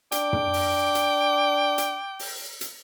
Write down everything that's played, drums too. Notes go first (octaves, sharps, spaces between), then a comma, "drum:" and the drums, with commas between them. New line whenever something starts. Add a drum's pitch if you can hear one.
D4 G5 D6, drum: hi-hat
drum: tom
drum: open hi-hat
drum: hi-hat
drum: hi-hat
drum: open hi-hat
drum: hi-hat